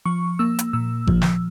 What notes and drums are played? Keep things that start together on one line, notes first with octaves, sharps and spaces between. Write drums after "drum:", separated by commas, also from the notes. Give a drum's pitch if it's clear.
F3 C#6
A#3 E6
drum: hi-hat
A#2 E6
F3, drum: kick G#1
drum: snare